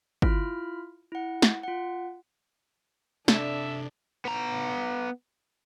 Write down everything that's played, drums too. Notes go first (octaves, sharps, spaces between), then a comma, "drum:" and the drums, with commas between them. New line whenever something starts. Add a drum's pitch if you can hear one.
E4 F4 B5 F6, drum: kick G1
E4 F#5
drum: snare
F4 F#5
C3 D4 A4 D5 E5 A5, drum: snare
B3 A#5